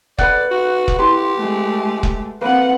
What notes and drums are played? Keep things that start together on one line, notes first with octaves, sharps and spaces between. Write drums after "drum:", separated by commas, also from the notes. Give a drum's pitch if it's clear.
B4 D5 F#5, drum: kick
F#4
drum: kick
E4 G4 C6
G#3 A3
drum: kick
A#3 C4 B4 F#5